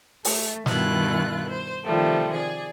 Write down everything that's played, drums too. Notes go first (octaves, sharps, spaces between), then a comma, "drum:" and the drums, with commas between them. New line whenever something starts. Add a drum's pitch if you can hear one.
A3, drum: open hi-hat
G2 B2 D#3 E4 F4 F#6, drum: snare
C5
C3 D#3 F3 G3 A3
G#4 D5